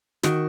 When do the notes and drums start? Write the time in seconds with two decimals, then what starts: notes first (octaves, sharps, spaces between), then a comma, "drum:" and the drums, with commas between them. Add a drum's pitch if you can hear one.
0.23 D#3 F#4, drum: snare